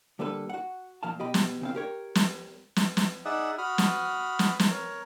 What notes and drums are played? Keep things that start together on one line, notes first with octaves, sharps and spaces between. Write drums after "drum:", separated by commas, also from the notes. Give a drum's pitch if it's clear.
D3 G3 A#3 A4 B4
F#4 F#5
A#2 F3 F5 A5
B2 G4 D#5 B5
drum: snare
C#3 C4 F5
G4 A#4 C#5
drum: snare
drum: snare
drum: snare
D#4 G#4 D5 E5 F#5 D#6
F#4 B5 D#6 F6
drum: snare
drum: snare
drum: snare
A#4 C#5